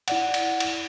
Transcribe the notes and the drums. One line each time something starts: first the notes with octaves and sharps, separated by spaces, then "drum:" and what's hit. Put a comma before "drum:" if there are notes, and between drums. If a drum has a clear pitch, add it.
E4 D5 F#5, drum: cymbal
drum: cymbal
drum: cymbal